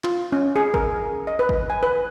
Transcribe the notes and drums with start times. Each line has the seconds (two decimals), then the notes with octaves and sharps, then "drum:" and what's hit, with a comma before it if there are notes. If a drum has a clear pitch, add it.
0.04 F4, drum: clap
0.32 C#4
0.56 G#4
0.74 A#4, drum: kick G#1
1.27 D#5
1.39 B4
1.49 drum: kick G#1
1.70 G#5
1.83 B4